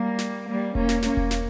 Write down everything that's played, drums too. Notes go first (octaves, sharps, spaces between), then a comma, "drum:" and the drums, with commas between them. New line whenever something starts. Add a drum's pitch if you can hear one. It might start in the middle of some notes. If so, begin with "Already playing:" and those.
Already playing: G3 A#3
drum: snare
G3 A#3
A#3 C#4, drum: kick E1
drum: snare
A#3 C#4, drum: snare
drum: kick E1
drum: snare